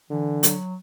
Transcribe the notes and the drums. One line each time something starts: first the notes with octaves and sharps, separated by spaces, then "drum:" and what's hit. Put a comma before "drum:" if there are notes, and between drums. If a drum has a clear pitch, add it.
D3 E3
F#3, drum: hi-hat